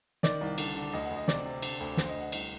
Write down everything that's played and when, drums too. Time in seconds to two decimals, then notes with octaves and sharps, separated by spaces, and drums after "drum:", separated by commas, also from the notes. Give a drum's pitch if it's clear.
0.23 D#3 D5, drum: snare
0.41 C2
0.58 D3, drum: cymbal
0.75 D3
0.93 D2 D#5
1.05 F#5
1.10 D2
1.16 D#5
1.28 C3 D5, drum: snare
1.45 C3
1.62 D3, drum: cymbal
1.80 D2
1.97 D2 C5, drum: snare
2.09 D#5
2.15 D2
2.20 F#5
2.32 C2, drum: cymbal